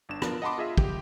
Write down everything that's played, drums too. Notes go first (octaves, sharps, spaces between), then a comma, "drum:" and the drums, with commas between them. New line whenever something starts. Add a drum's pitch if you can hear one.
G1 D4 E7
B3 D4 F4 A#4, drum: rim click
D#5 F#5 A5 B5 C6 D6
F4 G#4 D#5 E5
G4, drum: kick